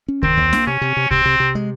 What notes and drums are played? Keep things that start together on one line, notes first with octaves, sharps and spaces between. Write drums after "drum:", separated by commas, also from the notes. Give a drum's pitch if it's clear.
C#4
D#3 C4, drum: kick C2
D#2
A#3, drum: snare
C3 C#4
C3
C3
C3 C4, drum: kick C2
C3
C3
G#3